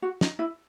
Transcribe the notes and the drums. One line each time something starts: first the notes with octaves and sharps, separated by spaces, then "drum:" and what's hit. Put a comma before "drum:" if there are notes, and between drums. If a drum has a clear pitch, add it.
F#4
D#4, drum: snare
E4